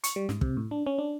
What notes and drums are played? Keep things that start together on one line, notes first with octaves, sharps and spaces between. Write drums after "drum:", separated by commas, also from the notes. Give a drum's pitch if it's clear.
C#6, drum: hi-hat
G3
G#2, drum: snare
C3, drum: kick
A2
D4
C#4
D4